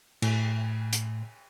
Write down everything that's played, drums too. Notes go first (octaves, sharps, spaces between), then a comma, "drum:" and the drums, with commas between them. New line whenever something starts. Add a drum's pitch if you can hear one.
A2, drum: cymbal
drum: hi-hat